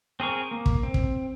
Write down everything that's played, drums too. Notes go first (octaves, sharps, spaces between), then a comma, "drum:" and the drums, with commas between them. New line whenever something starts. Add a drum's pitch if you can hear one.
C4 G#4 A#4 C#6
A#3
drum: kick
C4
drum: kick